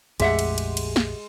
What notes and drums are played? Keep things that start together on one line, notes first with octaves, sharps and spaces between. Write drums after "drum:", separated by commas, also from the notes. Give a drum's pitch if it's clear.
A#1 F2 G#3 A3 G4 E5 F#5, drum: cymbal
drum: cymbal
drum: cymbal
drum: cymbal
drum: snare